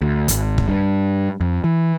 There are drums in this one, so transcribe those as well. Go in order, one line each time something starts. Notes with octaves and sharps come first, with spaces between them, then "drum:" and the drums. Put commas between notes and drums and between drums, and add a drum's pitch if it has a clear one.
D2
G#1, drum: hi-hat
drum: kick
G2
F2
E3